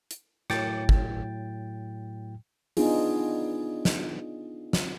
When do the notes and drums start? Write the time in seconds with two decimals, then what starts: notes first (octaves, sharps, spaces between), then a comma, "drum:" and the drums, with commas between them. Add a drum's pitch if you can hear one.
0.11 drum: hi-hat
0.50 A2 F#3 G5 A6, drum: rim click
0.89 drum: kick
2.77 B3 D4 D#4 F4 G#4, drum: open hi-hat
3.85 drum: snare
4.73 drum: snare